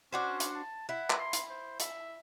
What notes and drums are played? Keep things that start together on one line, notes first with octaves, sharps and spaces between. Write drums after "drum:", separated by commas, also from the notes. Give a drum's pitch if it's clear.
C#4 D4 F#4 C5
drum: hi-hat
A5
E4 F#5
drum: clap
C6
drum: hi-hat
C5
E5, drum: hi-hat